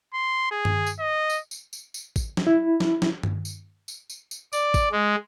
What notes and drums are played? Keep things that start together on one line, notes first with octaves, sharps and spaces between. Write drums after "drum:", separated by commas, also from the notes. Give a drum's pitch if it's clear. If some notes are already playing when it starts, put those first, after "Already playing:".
C6
G#4
drum: tom G2
drum: tambourine
D#5
drum: tambourine
drum: tambourine
drum: tambourine
drum: tambourine
drum: kick, tambourine
drum: snare
E4
drum: snare
drum: snare
drum: tom G2
drum: tambourine
drum: tambourine
drum: tambourine
drum: tambourine
D5, drum: tambourine
drum: kick, tambourine
G#3